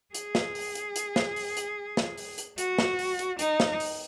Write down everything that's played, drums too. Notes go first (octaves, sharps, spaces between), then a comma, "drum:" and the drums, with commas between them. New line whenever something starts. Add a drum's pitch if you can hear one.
G#4, drum: hi-hat
drum: snare
drum: open hi-hat
drum: hi-hat
drum: hi-hat
drum: snare
drum: open hi-hat
drum: hi-hat
drum: snare
drum: open hi-hat
drum: hi-hat
F#4, drum: hi-hat
drum: snare
drum: open hi-hat
drum: hi-hat
D#4, drum: hi-hat
drum: snare
drum: open hi-hat